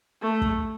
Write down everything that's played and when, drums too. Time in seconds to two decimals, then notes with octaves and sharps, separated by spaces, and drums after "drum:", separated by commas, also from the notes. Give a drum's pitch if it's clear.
0.22 A3
0.42 drum: kick